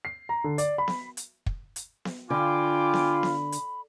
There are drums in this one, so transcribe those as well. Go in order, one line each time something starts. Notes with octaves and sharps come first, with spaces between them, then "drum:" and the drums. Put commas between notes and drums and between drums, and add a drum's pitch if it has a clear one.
C7
A#5
D3
D5, drum: hi-hat
B5
drum: snare B3
drum: hi-hat
drum: kick
drum: hi-hat
drum: snare B3
D3 F4 G5 G#5 B5 D6
drum: snare B3
drum: snare B3
drum: hi-hat